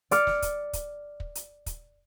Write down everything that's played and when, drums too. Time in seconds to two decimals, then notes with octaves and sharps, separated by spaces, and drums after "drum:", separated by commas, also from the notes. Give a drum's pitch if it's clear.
0.11 D5 D6 F6 C#7, drum: hi-hat
0.27 drum: snare
0.42 drum: kick, hi-hat
0.73 drum: kick, hi-hat
1.20 drum: kick
1.35 drum: hi-hat
1.66 drum: kick, hi-hat